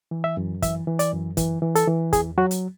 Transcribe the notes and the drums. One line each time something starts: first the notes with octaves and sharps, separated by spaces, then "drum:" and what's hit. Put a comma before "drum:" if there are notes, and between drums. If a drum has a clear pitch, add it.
E3
E5
F#2
E3 E5, drum: kick, hi-hat
E3
D5, drum: hi-hat
F#2
E3, drum: kick, hi-hat
E3
A4, drum: hi-hat
E3
E2 G#4, drum: kick, hi-hat
F#3 F#4
drum: hi-hat